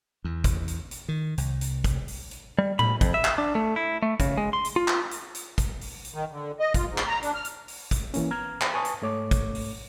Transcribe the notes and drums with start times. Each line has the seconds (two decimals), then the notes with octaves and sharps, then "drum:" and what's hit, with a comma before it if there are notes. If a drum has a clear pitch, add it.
0.24 E2
0.44 drum: kick, hi-hat
0.68 drum: hi-hat
0.91 drum: hi-hat
1.08 D#3
1.38 C2, drum: hi-hat
1.61 drum: hi-hat
1.84 drum: kick, hi-hat
2.08 drum: open hi-hat
2.31 drum: hi-hat
2.58 G3
2.79 B5, drum: tom A2
3.01 F2, drum: kick, hi-hat
3.14 E5
3.24 drum: clap
3.38 D4
3.55 A3
3.76 E4
4.02 A3
4.20 C#3, drum: kick, hi-hat
4.37 G#3
4.53 C6
4.65 drum: hi-hat
4.76 F4
4.88 drum: clap
5.11 drum: hi-hat
5.35 drum: hi-hat
5.58 drum: kick, hi-hat
5.81 drum: open hi-hat
6.05 drum: hi-hat
6.14 D#3
6.32 D3
6.60 D#5
6.74 F4, drum: kick, hi-hat
6.89 G#2
6.98 drum: clap
7.07 A#5
7.22 D4, drum: hi-hat
7.34 F6
7.45 drum: hi-hat
7.68 drum: open hi-hat
7.91 drum: kick, hi-hat
8.14 E3 A#3 C#4, drum: hi-hat
8.31 B3 A#5 F6 G#6
8.61 drum: clap
8.74 B4 G#5 A5 C#6 D#6
8.85 drum: hi-hat
9.02 G#2 A3 C#5 D6
9.31 drum: kick, hi-hat
9.55 drum: open hi-hat